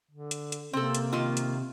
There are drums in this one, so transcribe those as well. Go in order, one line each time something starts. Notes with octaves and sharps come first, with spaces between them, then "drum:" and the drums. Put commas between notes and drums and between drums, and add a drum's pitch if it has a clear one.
D3
drum: hi-hat
drum: hi-hat
C3 A#3 C4 A4
drum: hi-hat
D#3 F4
drum: hi-hat